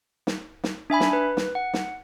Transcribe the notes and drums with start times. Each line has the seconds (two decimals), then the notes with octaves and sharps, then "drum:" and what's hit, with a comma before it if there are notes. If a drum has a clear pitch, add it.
0.27 drum: snare
0.64 drum: snare
0.90 D4 E5 G#5 B5
1.00 drum: snare
1.13 B4
1.37 drum: snare
1.55 F#5
1.74 drum: snare